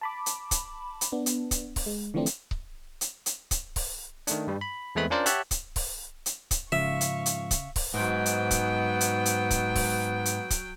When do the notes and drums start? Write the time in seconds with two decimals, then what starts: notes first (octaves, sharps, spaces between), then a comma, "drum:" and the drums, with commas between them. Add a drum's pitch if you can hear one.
0.01 A5 B5 D6
0.26 drum: hi-hat
0.51 drum: kick C#1, hi-hat
1.01 drum: hi-hat
1.12 B3 D4
1.26 drum: hi-hat
1.51 drum: kick C#1, hi-hat
1.76 drum: kick C#1, open hi-hat
1.86 G#3
2.14 D3 E3 F3 A3 C4 D4
2.26 drum: hi-hat
2.51 drum: kick C#1
3.01 drum: hi-hat
3.26 drum: hi-hat
3.51 drum: kick C#1, hi-hat
3.76 drum: kick C#1, open hi-hat
4.27 D#3 A3 D4, drum: hi-hat
4.48 G2 G3
4.61 B5
4.95 E2 G#3 A3 C4 B4 B5
5.10 C#4 D4 F4 A#4 C5 D5
5.26 G4 C#5 E5 F#5 A5 F#6, drum: hi-hat
5.51 drum: kick C#1, hi-hat
5.76 drum: kick C#1, open hi-hat
6.26 drum: hi-hat
6.51 drum: kick C#1, hi-hat
6.72 G#2 C#3 F3 E5 F5 C#6
7.01 drum: hi-hat
7.26 drum: hi-hat
7.51 drum: kick C#1, hi-hat
7.76 drum: kick C#1, open hi-hat
7.94 G#2 F#3 B3 G5
8.26 drum: hi-hat
8.51 drum: kick C#1, hi-hat
9.01 drum: hi-hat
9.26 drum: hi-hat
9.51 drum: kick C#1, hi-hat
9.76 drum: kick C#1, open hi-hat
10.25 drum: hi-hat
10.50 drum: kick C#1, hi-hat